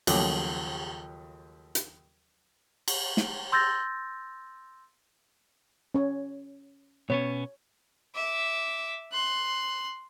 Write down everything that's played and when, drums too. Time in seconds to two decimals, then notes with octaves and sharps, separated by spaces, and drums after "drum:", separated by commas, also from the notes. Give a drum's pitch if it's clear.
0.07 D#2 C#3 F3 F#3 A3 D6, drum: cymbal
1.75 drum: hi-hat
2.88 drum: cymbal
3.17 drum: snare
3.52 C6 E6 G6 A6 A#6
5.95 C#4 C#5
7.10 B2 B3 C#4 C#5
8.15 E5 D6
9.12 C6 F#6